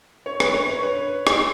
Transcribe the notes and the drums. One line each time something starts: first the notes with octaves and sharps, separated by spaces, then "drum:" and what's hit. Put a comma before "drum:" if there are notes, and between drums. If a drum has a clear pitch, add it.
C#5
B4, drum: rim click
C#5
C#5
B4
drum: rim click